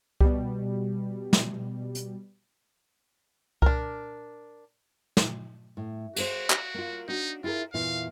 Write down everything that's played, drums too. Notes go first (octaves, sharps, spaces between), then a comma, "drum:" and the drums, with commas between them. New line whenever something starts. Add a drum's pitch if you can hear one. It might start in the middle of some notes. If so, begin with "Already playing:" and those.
B2 G3, drum: kick C2
drum: snare
drum: hi-hat
D4 A#4, drum: kick C2
drum: snare
A2
F#4 G#4 A#4 C5, drum: cymbal
drum: clap
A#3 F4
D4 D#4 F#4
E4 F4 G#4 A#4
E2 A#2 E4 F5